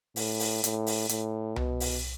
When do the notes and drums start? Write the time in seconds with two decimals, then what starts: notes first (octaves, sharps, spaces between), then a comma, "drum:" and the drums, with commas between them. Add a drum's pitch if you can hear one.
0.16 A2, drum: open hi-hat
0.40 drum: open hi-hat
0.64 A2, drum: hi-hat
0.87 drum: open hi-hat
1.09 A2, drum: hi-hat
1.56 B2, drum: tom C2
1.80 drum: open hi-hat